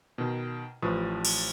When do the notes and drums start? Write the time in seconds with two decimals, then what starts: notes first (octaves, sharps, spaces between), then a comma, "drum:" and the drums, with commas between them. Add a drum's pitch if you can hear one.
0.18 B2 D#3
0.82 A1 F3 B4 C#6 D#6
1.25 drum: cymbal